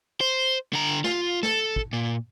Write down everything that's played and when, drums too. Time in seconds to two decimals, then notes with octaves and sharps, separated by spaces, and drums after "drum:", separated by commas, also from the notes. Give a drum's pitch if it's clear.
0.21 C5
0.73 D3 A#5
1.04 F4, drum: snare
1.43 A4, drum: snare
1.76 drum: kick
1.93 A#2